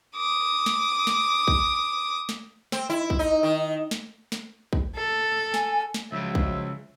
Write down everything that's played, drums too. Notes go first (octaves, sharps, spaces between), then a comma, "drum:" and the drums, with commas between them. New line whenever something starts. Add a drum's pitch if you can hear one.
D6 D#6
drum: snare
drum: snare
drum: kick
drum: snare
C4, drum: snare
E4
drum: kick
D#4
D#3
drum: snare
drum: snare
drum: kick
A4
G#5, drum: snare
drum: snare
C#2 C#3 F3 F#3 E5
drum: kick